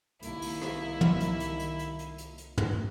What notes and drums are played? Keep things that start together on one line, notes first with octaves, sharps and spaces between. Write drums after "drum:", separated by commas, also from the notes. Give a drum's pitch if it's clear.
C2 D#3 A#3 E4, drum: hi-hat
drum: open hi-hat
drum: rim click
drum: tom
drum: hi-hat
drum: hi-hat
drum: hi-hat
drum: hi-hat
drum: hi-hat
drum: hi-hat
drum: hi-hat
drum: tom